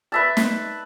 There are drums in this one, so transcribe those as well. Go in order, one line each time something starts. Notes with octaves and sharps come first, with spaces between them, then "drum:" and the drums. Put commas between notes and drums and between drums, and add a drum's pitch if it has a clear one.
B4 E5 A5
drum: snare